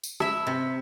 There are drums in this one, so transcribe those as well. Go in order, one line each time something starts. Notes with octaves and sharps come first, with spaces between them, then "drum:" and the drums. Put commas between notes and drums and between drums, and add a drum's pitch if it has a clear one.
drum: tambourine
E4 E5, drum: rim click
C3